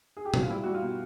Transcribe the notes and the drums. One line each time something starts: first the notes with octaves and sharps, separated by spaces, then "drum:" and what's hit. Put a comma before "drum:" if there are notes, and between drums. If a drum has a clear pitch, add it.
G#4
G4
F#4, drum: tom A#2
F4
G3 E4
G3 F#4
F4
B2